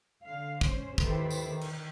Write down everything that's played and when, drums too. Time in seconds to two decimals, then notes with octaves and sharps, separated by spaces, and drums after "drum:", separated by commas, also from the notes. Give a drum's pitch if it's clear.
0.24 D3 F5
0.61 G#3 C#4 C5, drum: kick
0.98 D#3 E4 G4 A4 B4 C5, drum: kick
1.30 drum: tambourine
1.45 D#3
1.61 drum: cymbal